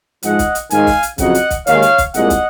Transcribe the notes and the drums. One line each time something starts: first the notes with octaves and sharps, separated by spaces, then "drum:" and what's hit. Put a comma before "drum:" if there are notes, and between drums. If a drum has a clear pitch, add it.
G#2 F3 G#3 D#5 F#5, drum: hi-hat
drum: kick, hi-hat
drum: hi-hat
G#2 D#3 G#3 F5 G#5, drum: hi-hat
drum: kick, open hi-hat
drum: hi-hat
F2 C#3 F#3 D#5 F#5, drum: kick, hi-hat
drum: hi-hat
drum: kick, hi-hat
D#2 D#3 G#3 C#5 F5, drum: hi-hat
drum: hi-hat
drum: kick, hi-hat
C2 A#2 G#3 D#5 F#5, drum: hi-hat
drum: kick, hi-hat